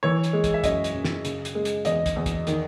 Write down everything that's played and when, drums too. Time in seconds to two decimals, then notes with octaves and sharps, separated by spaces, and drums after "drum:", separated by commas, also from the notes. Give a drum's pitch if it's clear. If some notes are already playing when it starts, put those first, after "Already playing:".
0.03 E3 C#5
0.24 drum: hi-hat
0.33 G#3
0.44 drum: kick, hi-hat
0.54 E5
0.64 F#2 D#5, drum: kick, hi-hat
0.84 drum: hi-hat
0.94 F#2
1.05 drum: snare
1.25 C#3, drum: hi-hat
1.45 drum: hi-hat
1.55 G#3
1.65 drum: hi-hat
1.85 E2 D#5, drum: hi-hat
2.06 drum: kick, hi-hat
2.16 E2
2.26 drum: kick, hi-hat
2.47 D#3, drum: hi-hat